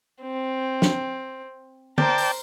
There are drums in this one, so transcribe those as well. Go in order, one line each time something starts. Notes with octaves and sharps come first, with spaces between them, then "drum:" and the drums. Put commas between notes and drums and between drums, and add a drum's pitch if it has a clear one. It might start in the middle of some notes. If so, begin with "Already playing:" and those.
C4
drum: snare
A#4 C5 D5 G5 A5, drum: tom
drum: open hi-hat